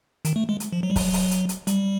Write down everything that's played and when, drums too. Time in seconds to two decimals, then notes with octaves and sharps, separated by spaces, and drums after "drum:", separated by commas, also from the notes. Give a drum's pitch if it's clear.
0.25 D#3, drum: hi-hat
0.36 A3
0.49 G#3
0.60 drum: hi-hat
0.73 F3
0.83 F#3
0.90 G3
0.96 F#3, drum: kick, open hi-hat
1.13 drum: open hi-hat
1.31 drum: hi-hat
1.49 drum: hi-hat
1.67 G3, drum: hi-hat